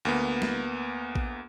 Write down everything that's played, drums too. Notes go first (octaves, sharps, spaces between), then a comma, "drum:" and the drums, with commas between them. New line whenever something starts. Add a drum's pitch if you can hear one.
D2 A#3 B3
drum: snare
drum: kick A1